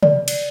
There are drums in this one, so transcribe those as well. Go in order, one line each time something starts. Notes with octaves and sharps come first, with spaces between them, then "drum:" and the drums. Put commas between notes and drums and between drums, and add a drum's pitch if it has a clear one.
D5, drum: tom
drum: cymbal